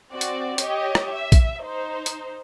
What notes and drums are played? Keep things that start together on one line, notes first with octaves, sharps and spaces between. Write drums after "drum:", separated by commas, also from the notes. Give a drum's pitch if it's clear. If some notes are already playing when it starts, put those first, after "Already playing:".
C4 F#4 D5
drum: hi-hat
G4 C#5 D#5, drum: hi-hat
drum: rim click
E5
drum: kick A#1, hi-hat
D#4 C5
drum: hi-hat